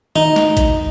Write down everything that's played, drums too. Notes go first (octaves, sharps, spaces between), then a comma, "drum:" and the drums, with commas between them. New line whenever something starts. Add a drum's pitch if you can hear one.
D#4, drum: tom D#3
drum: snare
drum: kick A1, hi-hat